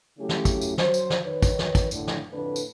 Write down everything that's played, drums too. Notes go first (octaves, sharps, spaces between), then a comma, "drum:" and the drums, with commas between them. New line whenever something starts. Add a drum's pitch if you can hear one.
C#3 F#3 A3 C#4 E4 G4
drum: snare
drum: kick, tambourine
drum: tambourine
F#3 C5, drum: snare
drum: tambourine
drum: snare
D#3 B4 C#5
drum: kick, tambourine
drum: snare
drum: kick, tambourine
A2 D3, drum: tambourine
drum: snare
F2 A2 D3 A3 D4 B4
drum: tambourine